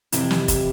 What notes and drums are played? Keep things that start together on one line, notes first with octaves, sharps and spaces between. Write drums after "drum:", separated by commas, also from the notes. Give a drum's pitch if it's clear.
F2 C3 E3 E4 G4, drum: hi-hat
drum: snare
drum: kick, hi-hat